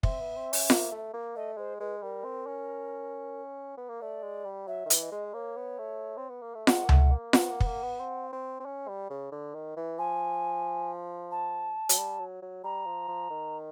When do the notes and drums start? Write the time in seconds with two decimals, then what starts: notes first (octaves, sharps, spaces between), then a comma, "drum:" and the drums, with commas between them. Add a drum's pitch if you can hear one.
0.03 C4 E5, drum: kick
0.20 B3
0.36 C4
0.53 C#4, drum: open hi-hat
0.70 A#3, drum: snare F4
0.92 A3
1.14 A#3
1.36 A3 D#5
1.57 G#3 C5
1.80 G#3 B4
2.02 G3 A#4
2.24 C4
2.47 C#4
3.77 B3
3.89 A#3
4.01 A3 D5
4.23 G#3
4.45 G3
4.68 F#3 E5
4.86 D#3
4.90 E3, drum: hi-hat
5.01 D#5
5.12 G#3
5.34 A#3 C#5
5.56 B3
5.79 A3
6.17 C4
6.30 B3
6.42 A#3
6.55 A3
6.67 G#3 F#5, drum: snare F4
6.84 A#3
6.89 A3, drum: tom C#2
7.11 A#3
7.33 B3 F#5, drum: snare F4
7.50 A#3
7.60 B3, drum: kick
7.66 A#3
7.83 B3
8.00 C4
8.33 C4
8.60 C4
8.66 C#4
8.88 G3
9.10 C#3
9.32 D3
9.54 D#3
9.77 E3
9.98 F3 G#5
11.31 A5
11.89 F#3, drum: hi-hat
11.98 G3
12.20 F#3
12.42 F#3
12.64 G3 A#5
12.86 F3
13.08 F3
13.30 D#3